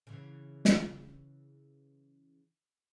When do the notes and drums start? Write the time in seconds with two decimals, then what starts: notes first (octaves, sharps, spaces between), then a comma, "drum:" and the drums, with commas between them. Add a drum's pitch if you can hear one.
0.07 C#3 E3
0.65 drum: snare